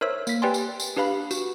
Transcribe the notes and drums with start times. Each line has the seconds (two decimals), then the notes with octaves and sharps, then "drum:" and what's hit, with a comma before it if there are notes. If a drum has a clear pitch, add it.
0.01 A#4 C5 C#5 E5 E6
0.27 A#3 B6, drum: tambourine
0.42 G4 B4 D5 G5 G#5 C6
0.54 drum: tambourine
0.80 drum: tambourine
0.96 D4 G4 B4 F5 B5
1.31 F#4, drum: tambourine